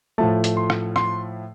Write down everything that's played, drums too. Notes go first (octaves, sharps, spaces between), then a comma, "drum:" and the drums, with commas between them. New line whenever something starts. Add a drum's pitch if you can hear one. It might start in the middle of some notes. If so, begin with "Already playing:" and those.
A2 F3 A3 A5
drum: hi-hat
C6
drum: rim click
C6, drum: rim click